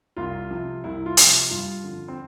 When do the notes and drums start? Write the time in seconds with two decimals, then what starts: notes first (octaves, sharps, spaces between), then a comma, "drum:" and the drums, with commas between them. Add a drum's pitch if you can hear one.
0.17 C2 F4
0.50 C3 F3
0.84 C2 E4
1.06 F4
1.17 C3 F3, drum: hi-hat
1.51 G2 F4
1.84 D3 F3
2.08 C4